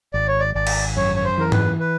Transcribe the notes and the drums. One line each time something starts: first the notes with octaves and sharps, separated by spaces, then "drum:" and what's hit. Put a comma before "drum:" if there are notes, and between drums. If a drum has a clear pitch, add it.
G#1 D5
C#5
D5
G#1 D5
drum: cymbal
F#2 C#5
C#5
C5
E3 A#4
B4, drum: tom G#2
B4